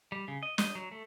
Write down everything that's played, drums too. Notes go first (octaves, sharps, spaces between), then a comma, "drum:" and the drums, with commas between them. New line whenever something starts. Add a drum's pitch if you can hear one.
G3
C#3
D#5
D#5, drum: snare
F#3
A3